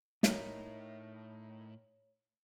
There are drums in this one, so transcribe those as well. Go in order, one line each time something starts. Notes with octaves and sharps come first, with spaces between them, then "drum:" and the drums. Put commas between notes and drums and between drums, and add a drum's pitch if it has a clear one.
A2 D#4 E4 A#4 C#5, drum: snare